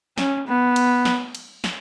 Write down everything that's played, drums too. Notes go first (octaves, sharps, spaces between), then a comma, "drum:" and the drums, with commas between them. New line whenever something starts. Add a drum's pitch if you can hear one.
C#4, drum: snare
B3
drum: cymbal
drum: snare
drum: cymbal
drum: snare